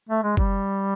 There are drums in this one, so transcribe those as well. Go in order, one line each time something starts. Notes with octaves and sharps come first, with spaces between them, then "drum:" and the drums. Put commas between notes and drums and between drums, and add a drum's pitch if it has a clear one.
A3
G#3
G3, drum: kick